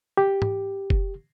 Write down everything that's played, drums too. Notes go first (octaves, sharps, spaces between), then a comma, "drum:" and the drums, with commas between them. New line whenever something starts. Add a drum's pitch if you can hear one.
G4
drum: tom G#2
drum: kick